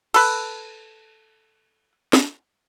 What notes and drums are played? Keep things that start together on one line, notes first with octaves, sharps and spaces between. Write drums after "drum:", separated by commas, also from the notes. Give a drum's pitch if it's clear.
A4 B4, drum: cymbal
drum: snare